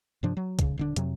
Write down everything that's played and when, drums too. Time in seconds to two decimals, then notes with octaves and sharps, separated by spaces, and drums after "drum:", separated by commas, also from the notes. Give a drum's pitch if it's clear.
0.23 G2 C3 F3 D4
0.37 F#3
0.59 D#1 C#3, drum: kick, hi-hat
0.78 D#1 D3 D4
0.96 F2 C3 F#3, drum: hi-hat